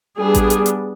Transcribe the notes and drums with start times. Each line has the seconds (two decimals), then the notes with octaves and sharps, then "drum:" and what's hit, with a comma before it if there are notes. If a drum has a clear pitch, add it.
0.18 G3 B3 D4 G#4
0.35 drum: kick A1, hi-hat
0.50 drum: hi-hat
0.66 drum: hi-hat